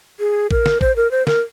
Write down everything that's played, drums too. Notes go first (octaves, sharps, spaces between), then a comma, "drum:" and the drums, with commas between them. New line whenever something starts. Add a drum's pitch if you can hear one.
G#4
A#4, drum: kick
drum: snare
C5, drum: kick
A#4
C5
A#4, drum: snare